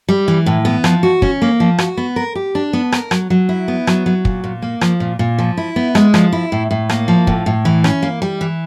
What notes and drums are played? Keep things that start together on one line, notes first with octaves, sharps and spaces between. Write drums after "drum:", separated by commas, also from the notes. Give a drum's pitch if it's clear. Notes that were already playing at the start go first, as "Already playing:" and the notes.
G3
E3
A2
B3
F3, drum: rim click
F#4
C#4, drum: kick
A#3
F3
F#4, drum: rim click
B3
A#4
G4
D4
B3
A#4, drum: rim click
F#3, drum: rim click
F#3
E4
B3
F#3, drum: rim click
F#3
A#2, drum: kick
A#2
A#3
F3, drum: rim click
A#2
A#2
F3
E4
B3
G#3, drum: rim click
F3, drum: rim click
E4
A2
A2
A#3, drum: rim click
F3
A2, drum: kick
A2
E3
C#4, drum: rim click
A#3
G3
E3